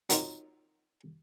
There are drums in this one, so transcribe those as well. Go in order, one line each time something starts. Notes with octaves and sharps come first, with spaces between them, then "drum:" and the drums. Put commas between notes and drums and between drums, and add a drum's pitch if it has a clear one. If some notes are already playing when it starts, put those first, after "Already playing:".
F#3 A#3 C4 D#4 F4, drum: hi-hat